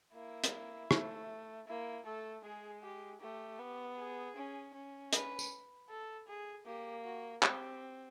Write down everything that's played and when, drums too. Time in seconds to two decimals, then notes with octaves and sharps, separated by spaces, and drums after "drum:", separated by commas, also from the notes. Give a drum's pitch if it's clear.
0.14 A#3 E4
0.44 drum: hi-hat
0.91 A3, drum: rim click
1.67 A#3 E4
2.05 A3 A4
2.44 G#3 G#4
2.82 G4
3.21 A3 G4
3.59 B3
3.97 G#4
4.36 C#4
4.74 C#4
5.13 B4, drum: hi-hat
5.39 drum: tambourine
5.89 A4
6.28 G#4
6.66 A#3 G4
7.04 F#4
7.43 C4 G4, drum: clap